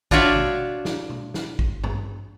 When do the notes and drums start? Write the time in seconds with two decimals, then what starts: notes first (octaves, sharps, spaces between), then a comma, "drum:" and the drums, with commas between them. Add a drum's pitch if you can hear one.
0.11 D4 F4 F#4 C#5 D5 E5, drum: kick
0.36 drum: tom B2
0.85 drum: snare
1.10 drum: tom B2
1.34 drum: snare
1.59 drum: kick
1.84 drum: tom G2